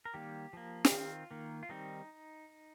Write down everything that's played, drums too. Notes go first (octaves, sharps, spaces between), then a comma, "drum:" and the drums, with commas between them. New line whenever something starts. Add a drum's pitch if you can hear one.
A#4
D#3 G3 A#3 G4
F3 A#3
G4, drum: snare
D#3 C4 F4
D#3 A#3
F4
D#3 G3 C4 D#4